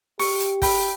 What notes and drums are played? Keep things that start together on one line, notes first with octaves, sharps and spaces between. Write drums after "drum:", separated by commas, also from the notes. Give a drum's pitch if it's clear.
G4 C#6, drum: open hi-hat
drum: hi-hat
G5 B5, drum: kick, open hi-hat